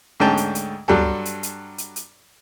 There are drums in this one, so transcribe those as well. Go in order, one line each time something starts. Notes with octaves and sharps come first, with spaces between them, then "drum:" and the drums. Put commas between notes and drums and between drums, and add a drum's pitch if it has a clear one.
D2 G#2 D3 C#4 G5 A5
drum: hi-hat
drum: hi-hat
G2 F#3 D4 G4 A4, drum: tom
drum: hi-hat
drum: hi-hat
drum: hi-hat
drum: hi-hat